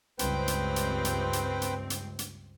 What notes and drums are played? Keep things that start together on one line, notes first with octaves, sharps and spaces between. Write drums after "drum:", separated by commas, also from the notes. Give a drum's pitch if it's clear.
C#2 G2 C4 B4 C5 G5, drum: hi-hat
drum: hi-hat
drum: hi-hat
drum: hi-hat
drum: hi-hat
drum: hi-hat
drum: hi-hat
drum: hi-hat